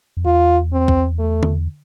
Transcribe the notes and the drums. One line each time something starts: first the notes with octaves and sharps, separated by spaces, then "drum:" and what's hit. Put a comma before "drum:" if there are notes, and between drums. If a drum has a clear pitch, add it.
F2
E2 F4
C4
drum: kick
A3
drum: tom D3